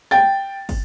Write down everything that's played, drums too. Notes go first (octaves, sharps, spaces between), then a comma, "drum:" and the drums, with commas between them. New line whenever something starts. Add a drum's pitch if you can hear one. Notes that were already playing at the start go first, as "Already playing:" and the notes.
G5 A6, drum: snare
drum: kick, open hi-hat